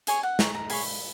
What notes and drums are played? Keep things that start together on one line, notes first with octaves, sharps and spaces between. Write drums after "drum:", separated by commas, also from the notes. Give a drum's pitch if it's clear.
G#4 C#5 G#5, drum: hi-hat
F#5
G#4 C#5 A#5, drum: snare
A#5
G#4 C#5 B5, drum: open hi-hat